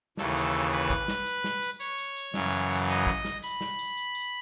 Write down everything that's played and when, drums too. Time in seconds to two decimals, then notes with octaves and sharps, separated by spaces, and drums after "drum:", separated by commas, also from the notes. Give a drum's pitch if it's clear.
0.17 D#2 C#3 E3 A4, drum: snare
0.36 drum: tambourine
0.54 drum: tambourine
0.73 B4, drum: tambourine
0.90 drum: kick, tambourine
1.08 drum: snare
1.26 drum: tambourine
1.44 drum: snare
1.62 drum: tambourine
1.80 C#5, drum: tambourine
1.98 drum: tambourine
2.16 drum: tambourine
2.34 F#2 C#3 E3, drum: snare
2.52 drum: tambourine
2.70 drum: tambourine
2.89 D#5, drum: tambourine
3.07 drum: kick
3.25 drum: snare
3.43 B5, drum: tambourine
3.61 drum: snare
3.79 drum: tambourine
3.97 drum: tambourine
4.15 drum: tambourine